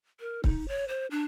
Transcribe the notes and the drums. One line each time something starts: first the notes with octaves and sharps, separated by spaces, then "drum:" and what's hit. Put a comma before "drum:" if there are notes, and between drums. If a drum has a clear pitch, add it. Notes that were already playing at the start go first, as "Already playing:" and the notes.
A#4
D#4, drum: kick C#1
C#5
C5
D4